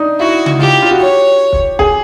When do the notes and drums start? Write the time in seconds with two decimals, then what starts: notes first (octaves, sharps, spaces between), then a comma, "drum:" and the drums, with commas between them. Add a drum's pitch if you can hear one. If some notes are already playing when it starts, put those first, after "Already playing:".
Already playing: D4 D#4
0.19 E4 F#4
0.46 drum: tom C#3
0.59 F4 G4
0.82 F4
0.91 F#4
0.99 G4 C#5
1.53 drum: kick
1.79 G#4, drum: kick